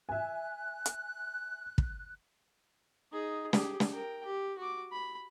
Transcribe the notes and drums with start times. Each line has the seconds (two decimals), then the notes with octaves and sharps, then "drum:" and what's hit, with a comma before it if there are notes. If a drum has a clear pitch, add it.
0.09 E5 G#5 F#6
0.86 drum: hi-hat
1.78 drum: kick
3.12 D#4 G#4
3.53 G4 G#4, drum: snare
3.80 drum: snare
3.91 A#4 G5
4.26 G4
4.58 F#4 D6
4.92 B5